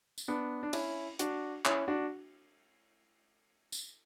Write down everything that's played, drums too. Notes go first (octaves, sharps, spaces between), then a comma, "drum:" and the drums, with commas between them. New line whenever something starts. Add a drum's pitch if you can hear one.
drum: tambourine
B3 D4
D4
C#4 E4, drum: cymbal
D4 F#4, drum: hi-hat
C#4 E4, drum: clap
D4 F#4
drum: tambourine